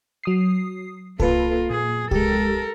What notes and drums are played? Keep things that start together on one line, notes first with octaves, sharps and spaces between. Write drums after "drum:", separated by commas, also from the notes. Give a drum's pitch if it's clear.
F#3 D#6 C7
A#3 F4 A4 B4, drum: kick C2
A#2 G#4
G#3 G4 A4 A#4, drum: kick C2